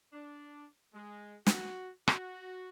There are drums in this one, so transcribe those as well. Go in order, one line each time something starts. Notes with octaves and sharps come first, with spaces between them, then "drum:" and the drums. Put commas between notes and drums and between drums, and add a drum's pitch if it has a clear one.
D4
G#3
F#4, drum: snare
F#4, drum: rim click